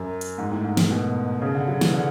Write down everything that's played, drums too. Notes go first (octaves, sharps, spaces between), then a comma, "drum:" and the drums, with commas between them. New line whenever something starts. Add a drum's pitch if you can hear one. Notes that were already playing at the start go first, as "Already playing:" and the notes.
Already playing: F#2
drum: hi-hat
G#2
A2
G#2
A2, drum: snare
B2
C#3
D3
F#3
E3, drum: snare
D3